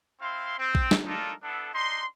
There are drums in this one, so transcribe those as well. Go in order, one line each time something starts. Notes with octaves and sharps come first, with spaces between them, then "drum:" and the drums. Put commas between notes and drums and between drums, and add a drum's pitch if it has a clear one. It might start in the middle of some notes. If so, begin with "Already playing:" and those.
C4 E4 F5 C6
C4
drum: kick A#1
drum: snare
D4 D#4 F4 A4 A#4
B3 D4 E4 A4
D4 D#4 C6